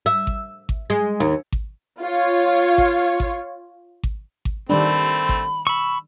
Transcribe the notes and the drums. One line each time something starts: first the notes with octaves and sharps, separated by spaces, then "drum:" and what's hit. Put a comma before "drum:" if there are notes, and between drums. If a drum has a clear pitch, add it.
E5
drum: kick G#1
drum: kick G#1
G#3
D#2
drum: kick G#1
F4 C#5
drum: kick G#1
drum: kick G#1
drum: kick G#1
drum: kick G#1
D#3 G3 A3 C4 D4 B5
drum: kick G#1
B5 C#6 E6